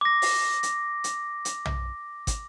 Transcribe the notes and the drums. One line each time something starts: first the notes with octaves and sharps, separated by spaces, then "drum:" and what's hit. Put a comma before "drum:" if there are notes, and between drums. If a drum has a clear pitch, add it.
D6 A#6
drum: open hi-hat
drum: hi-hat
drum: hi-hat
drum: hi-hat
drum: tom B1
drum: kick, hi-hat